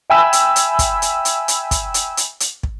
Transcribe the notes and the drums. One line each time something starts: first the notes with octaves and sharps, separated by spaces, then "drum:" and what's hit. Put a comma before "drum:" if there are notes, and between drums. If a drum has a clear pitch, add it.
E5 G5 G#5 B5 E6
drum: hi-hat
drum: hi-hat
drum: kick, hi-hat
drum: hi-hat
drum: hi-hat
drum: hi-hat
drum: kick, hi-hat
drum: hi-hat
drum: hi-hat
drum: hi-hat
drum: kick